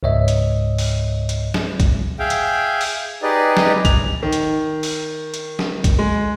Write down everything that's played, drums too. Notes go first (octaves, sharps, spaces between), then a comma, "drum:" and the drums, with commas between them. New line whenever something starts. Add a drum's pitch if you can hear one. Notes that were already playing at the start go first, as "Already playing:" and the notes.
C#2 G#2 C#5 D#5 E5
drum: hi-hat
drum: open hi-hat
drum: hi-hat
drum: snare
drum: kick, hi-hat
G#4 E5 F5 G5
drum: hi-hat
drum: open hi-hat
D#4 G4 G#4 B4 D5 D#5
drum: snare
F7, drum: kick, hi-hat
D#3
drum: hi-hat
drum: open hi-hat
drum: hi-hat
drum: snare
drum: kick, hi-hat
G#3